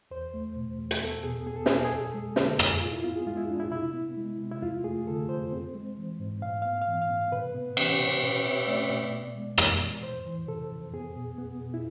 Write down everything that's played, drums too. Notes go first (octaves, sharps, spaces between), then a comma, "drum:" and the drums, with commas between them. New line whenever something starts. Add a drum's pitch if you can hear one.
E2 C5
A3
B2
E2
drum: hi-hat
B3 A4
B2 G#4
B3 G#4
A4
B2 G#4, drum: snare
A4
G#4
F2 A4
G#4
G#3
D3 A4, drum: snare
F2 G#4, drum: rim click
A2 F4
E4
B3 F4
G#4
G#3 F4
E4
A2 D4
E4
C3 E4
B3
G#3
C3
E4
F2 F4
A3 G#4
D3 A4
F2 C5
C4
G#3
E3
G#2
A2 F5
B3 F5
F5
E3
F5
A2
F5
C3 B4
B3
E3, drum: cymbal
C3
B2 B4
C4 E5
E5
A3 D5
B2
B3
G#3
E3, drum: rim click
A2
F2 C5
E3
C3 A4
F2
B3 G#4
B2
B3
B2
E4